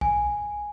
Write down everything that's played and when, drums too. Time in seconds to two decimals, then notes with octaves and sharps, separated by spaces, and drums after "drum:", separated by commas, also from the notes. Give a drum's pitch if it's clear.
0.01 G#5, drum: kick B1